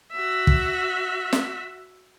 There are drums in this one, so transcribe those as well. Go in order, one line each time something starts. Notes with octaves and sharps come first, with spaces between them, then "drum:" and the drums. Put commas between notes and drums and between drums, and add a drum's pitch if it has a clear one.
F#4 E5
drum: kick
drum: snare